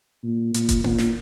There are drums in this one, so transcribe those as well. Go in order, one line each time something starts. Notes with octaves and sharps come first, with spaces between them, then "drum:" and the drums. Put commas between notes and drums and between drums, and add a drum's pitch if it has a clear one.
A#2
A#2, drum: hi-hat
drum: kick F1, hi-hat
A#2, drum: tom A#3
drum: snare